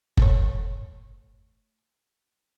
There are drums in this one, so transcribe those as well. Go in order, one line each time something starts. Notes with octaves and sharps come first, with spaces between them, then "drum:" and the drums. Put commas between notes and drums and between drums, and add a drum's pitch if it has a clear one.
A3 C#5, drum: kick F#1